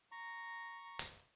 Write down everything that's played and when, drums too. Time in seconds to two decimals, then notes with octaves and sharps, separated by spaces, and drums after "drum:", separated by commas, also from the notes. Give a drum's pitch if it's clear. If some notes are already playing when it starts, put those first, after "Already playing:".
0.12 A#5 C#6
0.99 drum: hi-hat